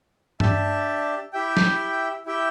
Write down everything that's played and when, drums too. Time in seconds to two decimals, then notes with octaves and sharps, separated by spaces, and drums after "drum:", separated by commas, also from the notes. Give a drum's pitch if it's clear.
0.40 D4 G4 E5 A5, drum: tom G2
1.33 E4 G4 E5 G5
1.57 drum: snare
2.26 E4 G4 E5 G5